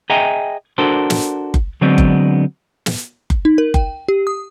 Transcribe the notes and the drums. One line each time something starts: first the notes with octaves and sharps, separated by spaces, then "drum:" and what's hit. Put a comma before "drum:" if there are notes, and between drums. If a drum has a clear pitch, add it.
G#4 D#5 E5 G5 G#5 A#5
D4 F#4 A4 A#4 C5
drum: snare
drum: kick F#1
D3 F#3 G#3 B3 C4 D4
drum: kick F#1
drum: snare
drum: kick F#1
D#4
A#4
G5, drum: kick F#1
G4
D#6